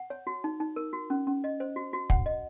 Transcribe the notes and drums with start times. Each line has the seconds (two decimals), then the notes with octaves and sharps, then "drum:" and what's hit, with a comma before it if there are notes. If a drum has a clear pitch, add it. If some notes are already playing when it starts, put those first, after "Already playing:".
Already playing: F#5
0.10 C#5
0.27 F#4
0.44 D#4
0.60 D#4
0.76 A#4
0.93 F#4
1.10 C#4
1.27 C#4
1.44 D#5
1.60 C5
1.76 F#4
1.93 F#4
2.10 F#5, drum: kick
2.26 D#5